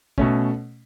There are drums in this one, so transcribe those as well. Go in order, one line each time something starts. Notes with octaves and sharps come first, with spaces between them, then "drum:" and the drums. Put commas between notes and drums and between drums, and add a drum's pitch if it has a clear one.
B2 A3 C#4, drum: kick